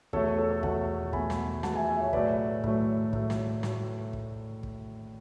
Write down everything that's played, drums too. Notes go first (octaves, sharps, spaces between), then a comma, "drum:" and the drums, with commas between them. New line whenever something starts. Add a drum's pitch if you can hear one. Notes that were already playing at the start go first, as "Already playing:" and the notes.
E2 B2 A3 A4 C#5, drum: kick
A4 C#5
A4 C#5
E2 B2 A3 F#5 A5, drum: kick
E2 B2 A3 G#5 B5, drum: kick
drum: snare
E2 B2 A3 F#5 A5, drum: snare
E5 G#5
E5 G#5
C#5 E5
A2 F#3 A3 B4 D5, drum: kick
A2 F#3 A3, drum: kick
A2 F#3 A3, drum: kick
drum: snare
A2 F#3 A3, drum: snare
drum: kick
drum: kick